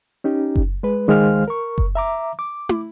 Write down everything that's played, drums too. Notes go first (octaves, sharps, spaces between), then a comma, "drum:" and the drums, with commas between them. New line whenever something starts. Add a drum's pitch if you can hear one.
C#4 D#4 G4
drum: kick F#1
G#3 B4
C#2 D#3 G#3 C5 F5 F6
A#4 C#6
drum: kick F#1
E5 A#5 D6
D6
drum: tom